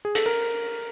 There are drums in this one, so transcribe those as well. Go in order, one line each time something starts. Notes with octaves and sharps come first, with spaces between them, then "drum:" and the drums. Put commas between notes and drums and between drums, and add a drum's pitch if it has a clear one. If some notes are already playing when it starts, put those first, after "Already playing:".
G#4
A4, drum: hi-hat
A#4